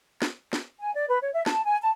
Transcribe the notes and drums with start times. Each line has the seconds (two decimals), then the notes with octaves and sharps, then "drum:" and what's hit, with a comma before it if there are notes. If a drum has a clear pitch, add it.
0.22 drum: snare
0.53 drum: snare
0.80 G#5
0.94 D5
1.08 B4
1.22 C#5
1.34 E5
1.46 A5, drum: snare
1.64 G#5
1.82 A5